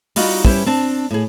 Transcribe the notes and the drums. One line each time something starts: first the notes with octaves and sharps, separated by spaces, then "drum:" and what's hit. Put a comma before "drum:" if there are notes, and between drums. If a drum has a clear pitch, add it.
G3 D#4 F4 F#4, drum: open hi-hat
G3 C#4 E4 G4 B4 C5, drum: kick
C4 D4 A5
A2 G#4